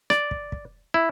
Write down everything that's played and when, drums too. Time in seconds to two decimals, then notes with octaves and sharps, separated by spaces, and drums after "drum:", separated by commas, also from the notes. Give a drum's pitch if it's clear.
0.10 D5, drum: rim click
0.31 drum: kick
0.52 drum: kick
0.94 E4